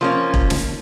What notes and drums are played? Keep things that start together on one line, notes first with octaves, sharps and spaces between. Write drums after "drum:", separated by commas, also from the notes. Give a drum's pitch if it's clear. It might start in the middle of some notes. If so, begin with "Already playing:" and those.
F3 A#3 C#4
drum: kick E1
drum: snare